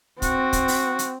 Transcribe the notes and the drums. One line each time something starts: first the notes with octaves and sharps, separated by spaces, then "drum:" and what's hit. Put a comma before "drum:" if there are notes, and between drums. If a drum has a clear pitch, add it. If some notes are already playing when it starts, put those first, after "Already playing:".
C4 F#4, drum: kick, hi-hat
drum: kick, hi-hat
drum: open hi-hat
drum: hi-hat